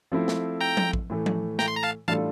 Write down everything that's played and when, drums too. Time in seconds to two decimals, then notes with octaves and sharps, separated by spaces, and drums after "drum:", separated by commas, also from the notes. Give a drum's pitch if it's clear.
0.12 F3 A3 C4 E4
0.28 drum: snare
0.61 G5 A#5
0.77 drum: tom F3
0.93 drum: kick A1
1.10 A2 E3 A3
1.26 drum: tom F3
1.59 G5 A#5, drum: snare
1.68 C6
1.76 A#5
1.83 F5 A5
2.08 A2 G3 D4 F4 A4 F5 A5, drum: tom E3